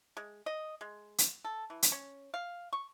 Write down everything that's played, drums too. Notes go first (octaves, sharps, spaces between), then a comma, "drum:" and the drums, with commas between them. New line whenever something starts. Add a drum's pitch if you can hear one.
G#3
D#5
G#3
drum: hi-hat
A4
E3
drum: hi-hat
C#4
F5
C#6